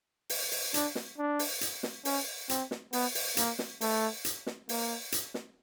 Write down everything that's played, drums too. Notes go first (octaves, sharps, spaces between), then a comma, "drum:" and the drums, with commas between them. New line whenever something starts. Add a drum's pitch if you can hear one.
drum: open hi-hat
drum: open hi-hat
D4, drum: hi-hat
drum: snare
D4
drum: open hi-hat
drum: hi-hat
drum: snare
C#4, drum: open hi-hat
C4, drum: hi-hat
drum: snare
B3, drum: open hi-hat
drum: open hi-hat
A#3, drum: hi-hat
drum: snare
A3, drum: open hi-hat
drum: hi-hat
drum: snare
A#3, drum: open hi-hat
drum: hi-hat
drum: snare